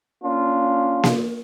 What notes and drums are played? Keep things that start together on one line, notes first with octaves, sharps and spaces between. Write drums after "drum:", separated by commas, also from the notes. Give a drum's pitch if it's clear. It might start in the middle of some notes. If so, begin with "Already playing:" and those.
A#3 C#4 D4 F4
drum: snare A#3